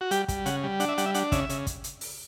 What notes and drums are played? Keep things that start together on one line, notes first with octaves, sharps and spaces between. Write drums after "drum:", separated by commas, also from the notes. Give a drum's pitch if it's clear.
F#4
G3 G4, drum: hi-hat
G3, drum: kick, hi-hat
C#3 F#5, drum: hi-hat
G3
D4 F#5, drum: hi-hat
E5
G3 F#5, drum: hi-hat
E5
D4 F#5, drum: hi-hat
C#3 E5, drum: kick, hi-hat
C#3, drum: hi-hat
drum: kick, hi-hat
drum: hi-hat
drum: open hi-hat